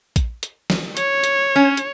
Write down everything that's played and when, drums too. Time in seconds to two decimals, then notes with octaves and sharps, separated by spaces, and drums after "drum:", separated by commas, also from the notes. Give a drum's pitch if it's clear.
0.16 drum: kick A#1, hi-hat
0.43 drum: hi-hat
0.70 drum: snare
0.97 C#5, drum: hi-hat
1.24 drum: hi-hat
1.56 C#4
1.77 drum: hi-hat